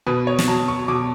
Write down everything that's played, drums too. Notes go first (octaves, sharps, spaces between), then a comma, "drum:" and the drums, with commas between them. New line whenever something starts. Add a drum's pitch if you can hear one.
B2 B4
C#5
drum: snare
F#3 A5
C#6
B2 D6